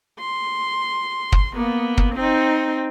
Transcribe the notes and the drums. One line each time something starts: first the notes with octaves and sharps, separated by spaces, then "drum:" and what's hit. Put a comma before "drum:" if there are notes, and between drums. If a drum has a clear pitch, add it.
C6
drum: kick
A#3 B3
drum: kick
C4 D#4